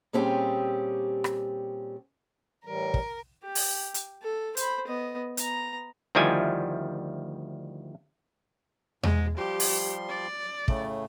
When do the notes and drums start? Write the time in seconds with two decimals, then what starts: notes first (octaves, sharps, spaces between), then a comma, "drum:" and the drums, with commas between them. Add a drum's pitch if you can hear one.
0.13 A#2 G3 C4 C#4 G4 G#4
1.24 drum: rim click
2.65 A2 E3 G3 A#4
2.94 drum: kick
3.44 G4
3.55 drum: open hi-hat
3.94 drum: hi-hat
4.22 A4
4.57 C5 B5, drum: hi-hat
4.87 B3 D#5
5.37 B3 A#5, drum: hi-hat
6.15 D2 D#3 F3 G3 E4 G#5
9.03 G#2 G#3, drum: tom E2
9.38 F3 G3 G4 C6
9.60 drum: open hi-hat
10.09 D5
10.68 A2 C#3 A3, drum: kick